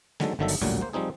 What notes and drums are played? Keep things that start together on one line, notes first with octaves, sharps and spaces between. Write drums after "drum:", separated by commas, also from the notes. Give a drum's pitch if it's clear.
D3 D#3 F#3 G#3 A4, drum: snare A3
G1 D3 D#3 F#3 A4 E5
drum: open hi-hat
A1 D2 A#2 F#3 G3
A#3 C5
F3 G3 C4 D#4 G#4